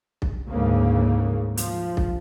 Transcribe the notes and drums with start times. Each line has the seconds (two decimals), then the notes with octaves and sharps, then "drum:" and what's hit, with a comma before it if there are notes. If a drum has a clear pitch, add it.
0.22 drum: kick
0.49 D2 G#2 C#3 A#3
1.57 F3, drum: hi-hat
1.97 drum: kick